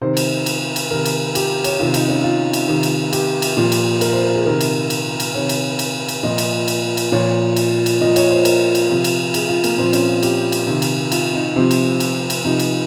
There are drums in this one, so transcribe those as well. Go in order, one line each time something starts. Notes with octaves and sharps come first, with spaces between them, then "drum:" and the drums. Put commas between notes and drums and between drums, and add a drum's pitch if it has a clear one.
C3 D#3 C5
drum: cymbal
drum: cymbal
drum: cymbal
C3 D#3 A#4
drum: cymbal
G4, drum: cymbal
C#5, drum: cymbal
C3 D#3 F4
D#4, drum: cymbal
C#4
F4
drum: cymbal
C3 D#3
drum: cymbal
G4, drum: cymbal
drum: cymbal
A#2 F3
drum: cymbal
A#4, drum: cymbal
C5
A#4
G#4
C3 D#3 A#4
drum: cymbal
drum: cymbal
drum: cymbal
C3 D#3 C#5
drum: cymbal
drum: cymbal
drum: cymbal
A#2 F3 D#5
drum: cymbal
drum: cymbal
drum: cymbal
A#2 F3 C#5
drum: cymbal
drum: cymbal
A#2 F3 D#5
C#5, drum: cymbal
C5
A#4, drum: cymbal
drum: cymbal
C3 F3
drum: cymbal
G#4, drum: cymbal
F4
A#3, drum: cymbal
A#2 F3 C4
C#4, drum: cymbal
F4
G4, drum: cymbal
drum: cymbal
C3 D#3
drum: cymbal
F4, drum: cymbal
D#4
C3 F3 C4
drum: cymbal
drum: cymbal
drum: cymbal
C3 F3 D#4
drum: cymbal